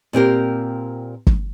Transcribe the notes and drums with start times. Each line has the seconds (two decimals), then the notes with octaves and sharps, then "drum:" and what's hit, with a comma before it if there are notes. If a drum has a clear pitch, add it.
0.13 A#2 C4 G4 A#4
1.27 drum: kick